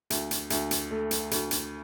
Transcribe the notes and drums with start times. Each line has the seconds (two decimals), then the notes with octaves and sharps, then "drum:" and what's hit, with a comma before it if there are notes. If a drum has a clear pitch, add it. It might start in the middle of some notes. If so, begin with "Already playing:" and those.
0.10 D2, drum: hi-hat
0.31 drum: hi-hat
0.50 D2, drum: hi-hat
0.71 drum: hi-hat
0.91 A3
1.11 drum: hi-hat
1.31 D2, drum: hi-hat
1.51 drum: hi-hat